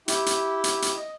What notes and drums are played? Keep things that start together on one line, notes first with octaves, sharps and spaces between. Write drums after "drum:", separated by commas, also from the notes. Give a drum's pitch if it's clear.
E4 G4, drum: hi-hat
drum: hi-hat
drum: hi-hat
drum: hi-hat
D#5